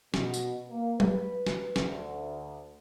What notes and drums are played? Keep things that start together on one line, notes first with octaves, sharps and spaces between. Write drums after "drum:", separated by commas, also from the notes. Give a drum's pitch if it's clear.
B2, drum: snare
drum: tambourine
A#3
B4, drum: tom F#3
drum: snare
D2, drum: snare